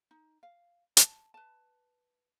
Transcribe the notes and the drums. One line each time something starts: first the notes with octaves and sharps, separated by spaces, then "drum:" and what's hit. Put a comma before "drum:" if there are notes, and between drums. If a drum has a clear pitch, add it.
D#4
F5
A5, drum: hi-hat
B4 A5